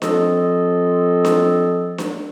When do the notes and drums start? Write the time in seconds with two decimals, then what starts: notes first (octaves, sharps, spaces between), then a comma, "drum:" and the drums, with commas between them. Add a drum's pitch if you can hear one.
0.02 F3 C4 F4 A4 D#5, drum: snare D4
1.25 drum: snare D4
1.98 drum: snare D4